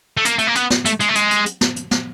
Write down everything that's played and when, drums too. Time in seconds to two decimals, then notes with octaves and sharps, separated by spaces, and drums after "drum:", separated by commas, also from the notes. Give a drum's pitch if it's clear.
0.17 A3
0.25 A#3, drum: hi-hat
0.39 A3, drum: hi-hat
0.47 A#3
0.55 B3, drum: hi-hat
0.70 drum: snare
0.85 A3, drum: hi-hat
1.00 G#3, drum: hi-hat
1.09 A3
1.15 G#3, drum: hi-hat
1.31 drum: hi-hat
1.46 drum: hi-hat
1.61 drum: snare
1.76 drum: hi-hat
1.91 drum: snare